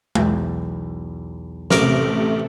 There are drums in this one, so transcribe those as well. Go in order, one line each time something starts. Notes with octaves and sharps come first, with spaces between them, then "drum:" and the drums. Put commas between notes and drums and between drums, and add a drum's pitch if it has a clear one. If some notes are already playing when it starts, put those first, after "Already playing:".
B1 E2 G5, drum: tom G#3
A1 C3 A3 A#4 D6, drum: snare